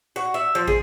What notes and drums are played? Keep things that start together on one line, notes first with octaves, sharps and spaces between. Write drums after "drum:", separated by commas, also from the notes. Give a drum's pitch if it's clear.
F#4
E5
F3
G#4, drum: kick